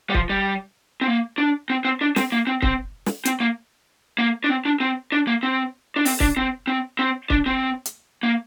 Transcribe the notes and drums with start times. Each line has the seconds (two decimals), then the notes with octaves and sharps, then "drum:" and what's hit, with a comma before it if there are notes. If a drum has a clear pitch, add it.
0.10 G3
0.14 F3, drum: kick
0.29 G3
1.01 C4
1.07 A#3
1.38 D4
1.70 C4
1.85 C4
2.01 D4
2.16 C4, drum: snare
2.32 A#3
2.47 C4
2.62 C4, drum: kick
3.06 drum: snare
3.25 C4, drum: hi-hat
3.40 A#3
4.18 A#3
4.44 D4
4.50 C4
4.65 D4
4.80 C4
5.12 D4
5.27 A#3
5.43 C4
5.96 D4
6.05 C4, drum: open hi-hat
6.20 D4, drum: kick
6.37 C4
6.67 C4
6.99 C4
7.30 D4, drum: kick
7.46 C4
7.86 drum: hi-hat
8.23 A#3